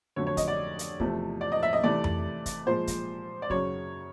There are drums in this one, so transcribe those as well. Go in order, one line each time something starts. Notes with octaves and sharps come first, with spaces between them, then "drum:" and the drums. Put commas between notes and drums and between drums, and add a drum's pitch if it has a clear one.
F2 D3 F#3 A3 C#5
C#5
D#5, drum: kick, hi-hat
D5
drum: hi-hat
E2 C3 F3 A3, drum: kick
D5
D#5
E5
D#5
C3 E3 A3 D5
drum: tom F2
drum: kick, hi-hat
A#2 F3 G#3 C5
drum: kick, hi-hat
D5
F#2 C#3 F#3 C#5, drum: kick